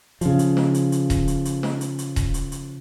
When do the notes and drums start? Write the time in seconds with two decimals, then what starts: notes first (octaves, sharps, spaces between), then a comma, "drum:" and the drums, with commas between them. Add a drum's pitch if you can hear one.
0.21 C#3 F3, drum: hi-hat
0.39 drum: hi-hat
0.57 drum: snare
0.74 drum: hi-hat
0.92 drum: hi-hat
1.10 drum: kick D#1, hi-hat
1.28 drum: hi-hat
1.45 drum: hi-hat
1.63 drum: snare
1.81 drum: hi-hat
1.99 drum: hi-hat
2.16 drum: kick D#1, hi-hat
2.34 drum: hi-hat
2.52 drum: hi-hat